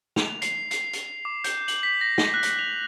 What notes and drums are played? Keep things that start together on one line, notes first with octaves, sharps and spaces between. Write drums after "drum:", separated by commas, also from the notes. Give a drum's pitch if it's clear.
F7, drum: snare
C7, drum: hi-hat
C7, drum: hi-hat
drum: hi-hat
D6
G6, drum: hi-hat
F#7, drum: hi-hat
B6
A#6
drum: snare
F#6
drum: hi-hat
F7